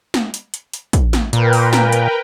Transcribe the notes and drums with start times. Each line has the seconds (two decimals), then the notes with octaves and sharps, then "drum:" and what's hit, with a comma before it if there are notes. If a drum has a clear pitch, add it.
0.14 drum: snare
0.34 drum: hi-hat
0.54 drum: hi-hat
0.74 drum: hi-hat
0.93 drum: kick, hi-hat
1.13 drum: snare
1.33 A#2 A#4 B4 G5, drum: hi-hat
1.53 drum: open hi-hat
1.73 drum: snare
1.92 drum: hi-hat